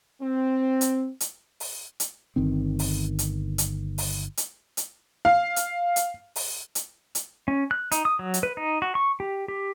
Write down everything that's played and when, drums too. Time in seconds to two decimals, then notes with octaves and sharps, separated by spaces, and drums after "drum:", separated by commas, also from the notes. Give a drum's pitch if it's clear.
0.21 C4
0.81 drum: hi-hat
1.20 drum: hi-hat
1.60 drum: open hi-hat
2.00 drum: hi-hat
2.36 G1 D#3 C4
2.79 drum: open hi-hat
3.19 drum: hi-hat
3.58 drum: hi-hat
3.98 drum: open hi-hat
4.37 drum: hi-hat
4.77 drum: hi-hat
5.25 F5
5.56 drum: hi-hat
5.96 drum: hi-hat
6.36 drum: open hi-hat
6.75 drum: hi-hat
7.15 drum: hi-hat
7.48 C#4
7.71 F#6
7.92 D#4, drum: hi-hat
8.05 D#6
8.19 F#3
8.34 drum: hi-hat
8.43 B4
8.57 D#4
8.82 F#4
8.95 C#6
9.20 G4
9.48 G4